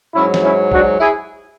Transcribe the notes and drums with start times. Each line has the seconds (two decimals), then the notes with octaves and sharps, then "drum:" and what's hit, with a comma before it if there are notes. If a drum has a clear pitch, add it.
0.15 G#2 F#3 C#4 E4
0.34 drum: snare
0.43 C#4 E4
0.72 D4 F#4, drum: kick
1.00 E4 G#4